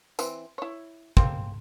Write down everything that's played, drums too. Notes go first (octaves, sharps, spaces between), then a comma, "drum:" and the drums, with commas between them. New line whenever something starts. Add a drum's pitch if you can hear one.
E3 C4, drum: tambourine
E4 C#5
A#3 C4, drum: kick